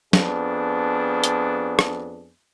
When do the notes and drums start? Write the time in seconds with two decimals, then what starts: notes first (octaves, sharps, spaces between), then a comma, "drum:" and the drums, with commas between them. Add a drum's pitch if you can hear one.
0.13 F2 B3 D4 G#4, drum: snare
1.24 drum: hi-hat
1.79 drum: rim click